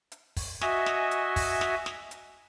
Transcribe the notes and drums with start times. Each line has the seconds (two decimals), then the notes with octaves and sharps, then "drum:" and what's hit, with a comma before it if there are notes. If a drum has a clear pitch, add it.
0.12 drum: hi-hat
0.36 drum: kick, open hi-hat
0.61 F#4 D#5 E5 G#5, drum: snare
0.86 drum: snare
1.11 drum: hi-hat
1.36 drum: kick, open hi-hat
1.61 drum: snare
1.86 drum: snare
2.11 drum: hi-hat